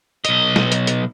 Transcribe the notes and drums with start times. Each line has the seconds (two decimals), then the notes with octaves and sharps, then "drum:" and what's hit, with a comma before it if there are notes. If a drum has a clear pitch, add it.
0.25 B1 D#5, drum: hi-hat
0.56 drum: snare
0.72 drum: hi-hat
0.87 drum: hi-hat